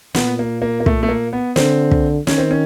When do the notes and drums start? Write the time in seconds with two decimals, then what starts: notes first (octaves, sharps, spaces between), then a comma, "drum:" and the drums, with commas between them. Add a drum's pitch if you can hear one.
0.15 A#2 B3, drum: snare
0.39 A#3
0.62 A#3
0.80 A#3
0.86 A3, drum: kick
1.03 A3
1.09 A#3
1.33 B3
1.56 D3 C4, drum: snare
1.91 drum: kick
2.27 D#3 C#4, drum: snare
2.38 C4
2.51 C#4